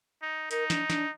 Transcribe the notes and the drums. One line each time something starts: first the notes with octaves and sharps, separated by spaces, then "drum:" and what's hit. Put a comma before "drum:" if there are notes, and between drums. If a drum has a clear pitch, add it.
D#4
D#4 A#4, drum: hi-hat
D4, drum: snare
D4, drum: snare